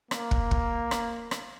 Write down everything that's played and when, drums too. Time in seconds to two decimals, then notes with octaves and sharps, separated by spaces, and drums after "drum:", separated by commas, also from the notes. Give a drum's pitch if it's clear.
0.11 A#3, drum: rim click
0.31 drum: kick
0.51 drum: kick
0.91 drum: rim click
1.31 drum: rim click